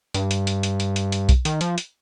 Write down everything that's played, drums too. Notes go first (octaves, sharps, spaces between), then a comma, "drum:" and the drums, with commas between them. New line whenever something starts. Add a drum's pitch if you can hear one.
G2, drum: hi-hat
drum: hi-hat
drum: hi-hat
drum: hi-hat
drum: hi-hat
drum: hi-hat
drum: hi-hat
drum: kick B1, hi-hat
D#3, drum: hi-hat
F3, drum: hi-hat
drum: hi-hat